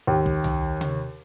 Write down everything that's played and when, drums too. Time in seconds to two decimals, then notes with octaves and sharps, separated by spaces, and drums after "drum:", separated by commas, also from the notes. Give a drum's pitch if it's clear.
0.07 D#2
0.26 drum: kick
0.44 drum: tom C2
0.81 drum: tom C3